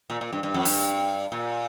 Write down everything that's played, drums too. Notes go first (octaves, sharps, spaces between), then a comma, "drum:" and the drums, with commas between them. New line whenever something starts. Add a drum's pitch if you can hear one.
A#2
A#2
G2
G2
F2
G2, drum: open hi-hat
A#2